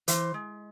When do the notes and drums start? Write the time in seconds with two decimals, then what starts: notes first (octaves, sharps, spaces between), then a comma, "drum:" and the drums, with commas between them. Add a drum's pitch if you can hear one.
0.08 E3 C5, drum: hi-hat
0.34 G#3